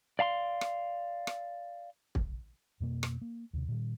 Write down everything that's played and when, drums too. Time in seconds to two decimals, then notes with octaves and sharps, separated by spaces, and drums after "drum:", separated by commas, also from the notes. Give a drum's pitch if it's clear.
0.19 D5 F5 A5 C6
0.61 drum: rim click
1.27 drum: rim click
2.15 drum: kick
2.80 F2 B2 A#3
3.03 drum: rim click
3.22 A#3
3.53 D#2 C3
3.69 A#2 D#3 G3